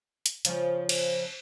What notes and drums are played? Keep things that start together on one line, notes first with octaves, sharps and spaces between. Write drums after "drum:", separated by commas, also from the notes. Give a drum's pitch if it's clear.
drum: hi-hat
C#3 F3 C#4, drum: hi-hat
drum: cymbal